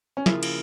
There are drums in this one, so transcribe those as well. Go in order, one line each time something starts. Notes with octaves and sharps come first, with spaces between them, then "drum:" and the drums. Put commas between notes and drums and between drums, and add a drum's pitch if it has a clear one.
C#4
C#3 F3 A#3 E4 F4 G#4, drum: snare
drum: cymbal